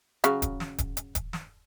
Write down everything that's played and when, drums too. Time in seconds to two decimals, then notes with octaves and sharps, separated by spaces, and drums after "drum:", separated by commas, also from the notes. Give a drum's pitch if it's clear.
0.24 C#3 F#3, drum: hi-hat
0.42 drum: kick D#1, hi-hat
0.60 drum: snare
0.78 drum: kick D#1, hi-hat
0.97 drum: hi-hat
1.15 drum: kick D#1, hi-hat
1.33 drum: snare